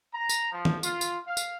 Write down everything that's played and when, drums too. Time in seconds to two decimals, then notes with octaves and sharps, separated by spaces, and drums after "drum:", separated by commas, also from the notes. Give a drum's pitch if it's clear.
0.14 A#5
0.29 drum: tambourine
0.52 F3
0.65 drum: tom D#3
0.83 F4, drum: tambourine
1.01 drum: tambourine
1.27 F5
1.37 drum: tambourine